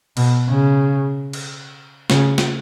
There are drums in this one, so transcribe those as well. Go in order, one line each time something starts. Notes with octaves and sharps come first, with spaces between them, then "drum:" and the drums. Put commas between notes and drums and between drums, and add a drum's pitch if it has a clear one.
B2, drum: cymbal
C#3
drum: cymbal
C#3, drum: snare
drum: snare